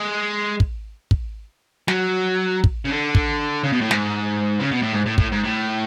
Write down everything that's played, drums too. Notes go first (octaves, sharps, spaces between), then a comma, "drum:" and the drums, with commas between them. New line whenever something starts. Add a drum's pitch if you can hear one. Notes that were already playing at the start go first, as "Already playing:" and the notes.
Already playing: G#3
drum: kick
drum: kick
F#3, drum: snare
drum: kick
C#3
D3
drum: kick
C#3
B2
A2
G#2, drum: snare
C#3
B2
A2
G#2
A2
A2, drum: kick
G#2
A2